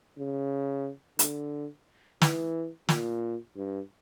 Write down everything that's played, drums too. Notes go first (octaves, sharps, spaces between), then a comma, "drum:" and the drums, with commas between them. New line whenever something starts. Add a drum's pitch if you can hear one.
C#3
D3, drum: hi-hat
E3, drum: snare
A#2, drum: snare
G2